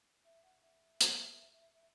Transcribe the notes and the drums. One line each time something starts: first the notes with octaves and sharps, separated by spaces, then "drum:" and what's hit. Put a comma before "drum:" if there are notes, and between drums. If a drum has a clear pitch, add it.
E5
F#5
E5
drum: hi-hat